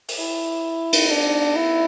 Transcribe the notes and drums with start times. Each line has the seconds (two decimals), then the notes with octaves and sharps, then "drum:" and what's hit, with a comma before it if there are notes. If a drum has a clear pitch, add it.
0.09 drum: open hi-hat
0.19 E4
0.93 drum: cymbal
1.10 D4
1.56 E4